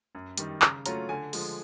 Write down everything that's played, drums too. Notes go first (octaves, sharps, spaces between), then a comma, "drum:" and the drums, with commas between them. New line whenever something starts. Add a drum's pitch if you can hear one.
F#2
D#3 G3, drum: hi-hat
C#3 A#5, drum: clap
F#3 A3 C#4 F4 A#5, drum: hi-hat
D3 G#5
F3 G#3, drum: open hi-hat